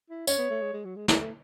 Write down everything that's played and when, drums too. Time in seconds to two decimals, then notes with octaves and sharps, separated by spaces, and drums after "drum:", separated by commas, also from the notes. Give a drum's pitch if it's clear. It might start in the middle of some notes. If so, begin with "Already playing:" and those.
0.10 E4
0.27 C#4 C#5, drum: tambourine
0.38 B3
0.50 A3
0.62 G#3
0.73 G#3
0.85 F#3
0.96 G#3
1.08 G#3, drum: snare
1.20 A3